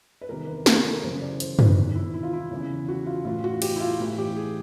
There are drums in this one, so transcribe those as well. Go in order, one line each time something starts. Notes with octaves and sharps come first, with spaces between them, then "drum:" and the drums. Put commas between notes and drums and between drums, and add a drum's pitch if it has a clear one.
B4
E2 C3 D#3 A#4
B4
A#4, drum: snare
G#4
A4
A#4
F#2 C#3 E3 C5
D5
C5, drum: hi-hat
B4, drum: tom
E2 C3 D#3
E4
E4
F4
E4
E2 C#3 E3
F#4
F4
A2 E3 F4
F#4
G4, drum: cymbal
E4
F4
A2 E3
G4
G#4